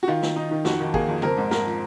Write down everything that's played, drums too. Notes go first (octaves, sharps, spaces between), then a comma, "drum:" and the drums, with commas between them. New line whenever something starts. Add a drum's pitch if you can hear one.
F#4
D#3 F4
D#3, drum: snare
D#4
D#3
F2 F#4, drum: snare
D#3
A#3 G#4, drum: kick
F2
C4 A#4, drum: tom C#3
G#2
G#2 A#4, drum: snare
F3